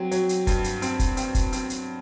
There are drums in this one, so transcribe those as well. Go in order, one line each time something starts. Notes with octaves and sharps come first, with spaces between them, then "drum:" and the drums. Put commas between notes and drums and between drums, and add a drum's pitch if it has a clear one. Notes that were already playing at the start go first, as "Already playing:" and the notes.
Already playing: F#3 C4
F#3, drum: hi-hat
drum: hi-hat
G2, drum: kick, hi-hat
drum: hi-hat
C4, drum: hi-hat
drum: kick, hi-hat
C4, drum: hi-hat
drum: kick, hi-hat
C4, drum: hi-hat
drum: hi-hat